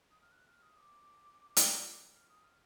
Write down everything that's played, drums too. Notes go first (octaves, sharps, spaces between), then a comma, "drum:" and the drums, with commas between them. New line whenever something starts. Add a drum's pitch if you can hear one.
D#6
F6
F#6
F6
D#6
D6
drum: hi-hat
F6
D#6
F6